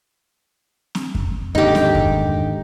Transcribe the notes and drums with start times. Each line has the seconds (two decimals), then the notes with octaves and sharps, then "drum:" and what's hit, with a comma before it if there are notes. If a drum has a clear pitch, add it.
0.95 drum: snare C4
1.15 drum: kick F2
1.55 D#2 G#2 D3 D#4 G4
1.75 drum: snare C4
1.95 drum: kick F2